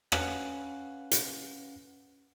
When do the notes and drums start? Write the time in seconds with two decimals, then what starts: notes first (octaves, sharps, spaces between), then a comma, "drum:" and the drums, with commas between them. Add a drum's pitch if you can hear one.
0.12 C#4 B4 F5 F#5, drum: rim click
1.11 drum: hi-hat